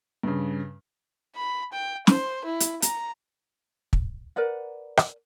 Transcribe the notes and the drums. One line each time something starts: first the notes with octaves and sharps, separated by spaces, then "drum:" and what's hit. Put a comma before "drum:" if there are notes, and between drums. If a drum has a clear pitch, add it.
G2 C#3
B5
G5
C5, drum: snare
E4
drum: hi-hat
A#5, drum: hi-hat
drum: kick
A#4 B4 D5 F#5
drum: rim click